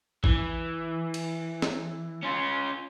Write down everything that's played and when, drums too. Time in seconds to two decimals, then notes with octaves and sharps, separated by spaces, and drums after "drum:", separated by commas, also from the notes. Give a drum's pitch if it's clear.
0.24 E3, drum: kick A1
1.14 drum: cymbal
1.62 drum: snare
2.23 C#4 F4